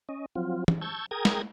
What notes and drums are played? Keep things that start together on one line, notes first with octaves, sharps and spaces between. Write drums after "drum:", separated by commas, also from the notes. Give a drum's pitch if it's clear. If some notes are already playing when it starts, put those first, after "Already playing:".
C#4 D#5
F3 F#3 C4 F4
drum: tom
A5 C#6 E6 G6 G#6
G#4 A#4 G5 A#5 D#6 G#6
drum: snare